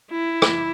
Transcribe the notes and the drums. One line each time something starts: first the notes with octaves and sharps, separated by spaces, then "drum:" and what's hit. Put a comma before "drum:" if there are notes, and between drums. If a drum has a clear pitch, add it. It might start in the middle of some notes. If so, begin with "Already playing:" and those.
E4
drum: rim click